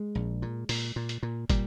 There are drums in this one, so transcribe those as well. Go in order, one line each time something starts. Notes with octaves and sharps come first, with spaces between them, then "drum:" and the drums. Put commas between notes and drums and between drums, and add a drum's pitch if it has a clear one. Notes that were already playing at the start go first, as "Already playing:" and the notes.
Already playing: G#3
A#1
A#2
A#2, drum: open hi-hat
A#2
drum: hi-hat
A#2
A#2 G3, drum: kick, hi-hat